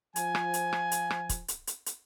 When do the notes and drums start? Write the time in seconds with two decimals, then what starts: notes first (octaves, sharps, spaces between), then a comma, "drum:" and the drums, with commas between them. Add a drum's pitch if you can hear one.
0.16 F3 G#5, drum: hi-hat
0.35 drum: rim click
0.54 drum: hi-hat
0.73 drum: rim click
0.92 drum: hi-hat
1.10 drum: rim click
1.29 drum: kick, hi-hat
1.48 drum: hi-hat
1.67 drum: hi-hat
1.86 drum: hi-hat